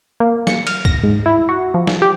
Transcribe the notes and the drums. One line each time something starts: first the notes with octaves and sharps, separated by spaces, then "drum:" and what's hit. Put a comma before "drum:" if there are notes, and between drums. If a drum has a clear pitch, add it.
A#3
C#7, drum: snare
F6, drum: cymbal
A#6, drum: kick C#2
G#2
E4
F#4
F3
drum: snare
G4